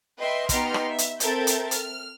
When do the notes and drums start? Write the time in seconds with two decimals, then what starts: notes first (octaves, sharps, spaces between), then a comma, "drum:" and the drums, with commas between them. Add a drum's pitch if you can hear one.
0.19 B4 D#5 E5 G5 C6
0.49 B3 D#4 G4 A#5 C6 F6, drum: kick, hi-hat
0.74 drum: rim click
0.89 E5
0.98 drum: hi-hat
1.20 C4 A4 A#4 E5 G6 A6, drum: hi-hat
1.47 drum: hi-hat
1.71 F6, drum: hi-hat